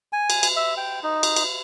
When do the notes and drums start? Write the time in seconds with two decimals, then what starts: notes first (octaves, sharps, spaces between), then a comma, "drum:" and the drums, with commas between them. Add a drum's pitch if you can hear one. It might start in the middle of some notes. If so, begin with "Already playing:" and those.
0.13 G#5
0.30 drum: cymbal
0.43 drum: cymbal
0.56 E5
0.77 G5
1.03 D#4
1.23 drum: cymbal
1.36 drum: cymbal